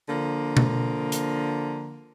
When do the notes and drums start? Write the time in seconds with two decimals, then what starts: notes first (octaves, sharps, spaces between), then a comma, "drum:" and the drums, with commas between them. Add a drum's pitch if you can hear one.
0.09 D3 F3 A#3
0.57 drum: tom B2
1.12 drum: hi-hat